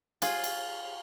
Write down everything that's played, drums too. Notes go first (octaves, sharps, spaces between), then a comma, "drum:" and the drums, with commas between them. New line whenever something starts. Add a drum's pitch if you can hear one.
F4 G#4, drum: cymbal
drum: cymbal